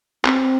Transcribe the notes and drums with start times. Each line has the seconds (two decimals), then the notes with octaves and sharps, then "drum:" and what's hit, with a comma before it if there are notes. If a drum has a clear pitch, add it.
0.25 C4, drum: clap